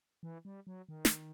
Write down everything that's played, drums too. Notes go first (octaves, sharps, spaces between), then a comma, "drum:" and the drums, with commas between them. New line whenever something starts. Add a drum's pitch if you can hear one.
E3
G3
F#3
D#3
drum: snare